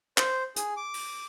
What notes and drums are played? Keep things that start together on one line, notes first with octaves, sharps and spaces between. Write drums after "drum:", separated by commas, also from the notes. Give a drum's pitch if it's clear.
C5, drum: clap
G#4, drum: hi-hat
D6
drum: open hi-hat